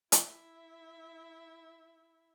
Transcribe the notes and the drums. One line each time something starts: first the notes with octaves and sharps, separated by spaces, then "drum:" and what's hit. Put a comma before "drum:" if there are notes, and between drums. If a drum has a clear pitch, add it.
E4 E5, drum: hi-hat